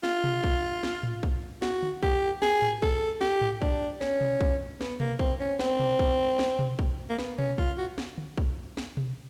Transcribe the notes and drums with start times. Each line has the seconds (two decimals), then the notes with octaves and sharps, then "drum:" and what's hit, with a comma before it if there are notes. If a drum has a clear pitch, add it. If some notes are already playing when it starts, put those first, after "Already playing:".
0.03 F4, drum: snare
0.24 drum: tom B2
0.44 drum: kick
0.83 drum: snare
1.03 drum: tom A2
1.23 drum: kick
1.62 F#4, drum: snare
1.83 drum: tom D3
2.03 G4, drum: kick
2.42 G#4, drum: snare
2.62 drum: tom A2
2.82 A4, drum: kick
3.21 G4, drum: snare
3.41 drum: tom A2
3.62 D4, drum: kick
4.01 C#4, drum: snare
4.21 drum: tom B2
4.41 drum: kick
4.81 B3, drum: snare
5.00 A#3, drum: tom B2
5.19 C4, drum: kick
5.40 C#4
5.59 C4, drum: snare
5.79 drum: tom B2
5.99 drum: kick
6.39 drum: snare
6.59 drum: tom B2
6.79 drum: kick
7.10 A#3
7.18 B3, drum: snare
7.39 C#4, drum: tom B2
7.58 F4, drum: kick
7.78 F#4
7.98 drum: snare
8.18 drum: tom D3
8.37 drum: kick
8.77 drum: snare
8.97 drum: tom B2